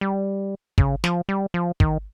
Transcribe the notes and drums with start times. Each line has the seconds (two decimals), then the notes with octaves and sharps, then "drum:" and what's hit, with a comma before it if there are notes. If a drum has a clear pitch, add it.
0.01 G3
0.78 C#3, drum: kick
1.04 F3, drum: snare
1.29 G3
1.54 F3
1.80 D#3, drum: kick